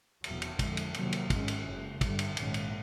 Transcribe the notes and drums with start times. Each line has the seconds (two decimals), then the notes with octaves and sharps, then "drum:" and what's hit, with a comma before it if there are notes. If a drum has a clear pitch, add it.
0.24 F1 E2 B2 F#3, drum: cymbal
0.42 drum: cymbal
0.59 F2 D3 F3 G#3, drum: kick, cymbal
0.77 drum: cymbal
0.94 F2 C3 D#3 F#3 A#3, drum: cymbal
1.12 drum: cymbal
1.30 G#1 F#2 D#3 G#3 C#4, drum: kick, cymbal
1.48 drum: cymbal
1.66 F#1 F#2 C#3
2.01 G1 G2 D3 G3, drum: kick, cymbal
2.19 drum: cymbal
2.37 A#1 G#2 D#3 G#3 C#4, drum: cymbal
2.54 drum: cymbal